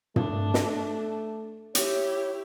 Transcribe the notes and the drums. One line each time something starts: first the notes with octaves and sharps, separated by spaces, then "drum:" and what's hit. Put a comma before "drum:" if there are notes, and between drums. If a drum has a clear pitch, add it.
A3 D4, drum: tom
drum: snare
E4 G4 C#5, drum: hi-hat